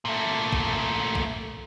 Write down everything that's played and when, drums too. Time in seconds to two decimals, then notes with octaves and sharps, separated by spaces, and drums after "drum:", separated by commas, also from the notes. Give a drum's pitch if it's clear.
0.05 A#2 A3
0.52 drum: kick
1.15 drum: kick